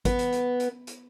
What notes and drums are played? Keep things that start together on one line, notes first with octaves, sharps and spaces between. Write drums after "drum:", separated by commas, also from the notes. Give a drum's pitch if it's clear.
B3, drum: kick G#1, hi-hat
drum: hi-hat
drum: hi-hat
drum: hi-hat
drum: hi-hat